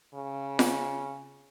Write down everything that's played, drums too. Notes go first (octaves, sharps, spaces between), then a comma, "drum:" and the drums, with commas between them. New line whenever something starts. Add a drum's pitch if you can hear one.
C#3
drum: snare F4